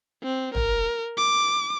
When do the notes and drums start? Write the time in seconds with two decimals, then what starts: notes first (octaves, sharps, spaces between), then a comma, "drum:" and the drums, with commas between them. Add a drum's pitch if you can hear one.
0.23 C4
0.55 A#4, drum: tom
1.17 D6